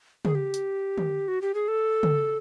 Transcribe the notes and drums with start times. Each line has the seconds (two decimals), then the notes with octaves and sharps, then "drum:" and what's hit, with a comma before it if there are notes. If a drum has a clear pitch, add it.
0.25 G#4, drum: tom C#3
0.35 G4
0.54 drum: hi-hat
0.98 drum: tom D3
1.28 F#4
1.42 G4
1.54 G#4
1.68 A4
2.03 drum: tom C#3